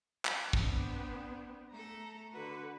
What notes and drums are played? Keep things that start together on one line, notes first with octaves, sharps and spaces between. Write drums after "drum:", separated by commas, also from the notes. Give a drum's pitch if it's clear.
drum: clap
B3 C4 D4, drum: kick
A3 A4 A#5
D3 F#4 B4